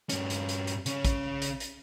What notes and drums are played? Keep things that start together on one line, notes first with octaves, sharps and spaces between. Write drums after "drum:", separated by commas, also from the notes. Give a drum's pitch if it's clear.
G2 C#4, drum: hi-hat
drum: hi-hat
drum: hi-hat
drum: hi-hat
C#3 C#4, drum: hi-hat
drum: kick, hi-hat
drum: hi-hat
drum: hi-hat